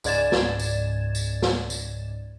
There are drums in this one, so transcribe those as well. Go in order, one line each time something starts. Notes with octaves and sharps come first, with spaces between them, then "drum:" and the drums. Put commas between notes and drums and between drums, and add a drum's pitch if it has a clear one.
C#2 G#2 D5 G#6 A6 E7, drum: tambourine
drum: snare
drum: tambourine
drum: tambourine
drum: snare
drum: tambourine